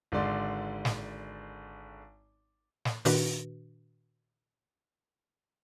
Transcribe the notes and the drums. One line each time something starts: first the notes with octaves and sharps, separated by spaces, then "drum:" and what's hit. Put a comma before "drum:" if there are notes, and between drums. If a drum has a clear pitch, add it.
G#1 D3 G#3 D5 C6
drum: snare
drum: snare
A#2 D#3 D4 F#4 B4, drum: open hi-hat